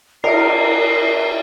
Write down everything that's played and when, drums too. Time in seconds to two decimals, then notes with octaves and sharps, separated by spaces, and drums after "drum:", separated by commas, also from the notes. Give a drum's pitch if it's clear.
0.24 A#4 C7, drum: cymbal